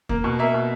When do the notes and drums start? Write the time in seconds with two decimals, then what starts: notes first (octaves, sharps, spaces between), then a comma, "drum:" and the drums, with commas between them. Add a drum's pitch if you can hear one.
0.09 A#3, drum: kick D#2
0.24 B2
0.39 A#3 E5
0.54 B2